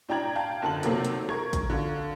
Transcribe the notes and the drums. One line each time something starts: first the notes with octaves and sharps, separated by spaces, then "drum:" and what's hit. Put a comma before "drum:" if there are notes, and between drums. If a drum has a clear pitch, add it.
A2 D4 G5 A#5 G#6 F#7
F5 G5 A5
F#1 D3 A5 F#7
C3 D#3 F#3 A3 A#3 C4, drum: hi-hat
drum: hi-hat
A#4 C#6 G#6, drum: rim click
drum: kick A1, hi-hat
D3 F4